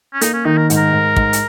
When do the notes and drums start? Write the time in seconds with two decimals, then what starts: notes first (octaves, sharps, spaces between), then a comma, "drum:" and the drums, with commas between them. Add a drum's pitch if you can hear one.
0.14 C#4
0.21 A#3 D#4, drum: hi-hat
0.34 C#4
0.45 D#3 D#4
0.57 A#4
0.70 G#2, drum: hi-hat
0.77 A#4
0.93 G#2
1.16 G#2, drum: kick
1.33 drum: hi-hat